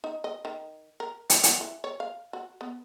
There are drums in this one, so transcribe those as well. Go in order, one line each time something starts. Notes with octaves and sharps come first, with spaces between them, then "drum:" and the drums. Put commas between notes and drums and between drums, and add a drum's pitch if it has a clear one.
D#4
D#5
D#3
A#4
E4, drum: hi-hat
B3, drum: hi-hat
E3
C#5
F5
F#4
B3